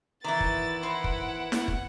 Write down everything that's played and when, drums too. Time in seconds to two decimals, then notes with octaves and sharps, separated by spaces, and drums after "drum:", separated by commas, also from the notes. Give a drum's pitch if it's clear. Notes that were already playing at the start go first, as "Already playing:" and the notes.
0.24 D#3 E3 B3 E4 D5 A6
0.40 drum: kick
0.83 B4 C5 D#5 F#5
1.04 drum: kick
1.52 drum: snare
1.68 drum: kick